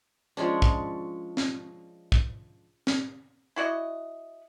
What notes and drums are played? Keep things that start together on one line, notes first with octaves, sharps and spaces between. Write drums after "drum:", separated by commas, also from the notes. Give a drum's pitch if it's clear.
F3 G#3 C#4 D4
drum: kick
drum: snare
drum: kick
drum: snare
E4 F#4 D5 D#5